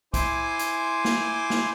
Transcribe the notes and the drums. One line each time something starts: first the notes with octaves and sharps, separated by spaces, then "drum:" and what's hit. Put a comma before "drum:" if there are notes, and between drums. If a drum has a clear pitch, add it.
E4 C5 G#5 C6 D6, drum: kick B1, hi-hat
drum: hi-hat
drum: snare
drum: snare